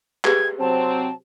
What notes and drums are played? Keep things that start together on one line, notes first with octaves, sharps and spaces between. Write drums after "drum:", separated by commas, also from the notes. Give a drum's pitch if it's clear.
G4 G#4 B4 G#6, drum: clap
C3 F#3 C4 A5